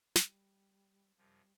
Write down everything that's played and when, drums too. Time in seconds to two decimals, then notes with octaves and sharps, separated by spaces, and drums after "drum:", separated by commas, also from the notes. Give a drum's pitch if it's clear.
0.15 G3, drum: snare
1.17 F#2 C3 F3 G3